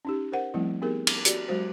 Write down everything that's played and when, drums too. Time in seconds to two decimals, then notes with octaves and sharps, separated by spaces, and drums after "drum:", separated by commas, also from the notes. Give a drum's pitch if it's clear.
0.05 C#4 D#4 G4
0.32 A#4 C5 F#5
0.54 F3 G3 A3 C4 E4
0.82 B3 D#4 G4 G#4 A#4
1.07 drum: cymbal
1.25 F#4 G4 D5, drum: hi-hat
1.48 F#3 G#3 F#4 C5